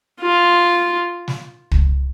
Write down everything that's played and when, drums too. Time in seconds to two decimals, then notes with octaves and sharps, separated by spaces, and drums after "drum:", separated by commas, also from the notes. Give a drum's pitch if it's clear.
0.21 F4
1.28 drum: snare
1.71 drum: kick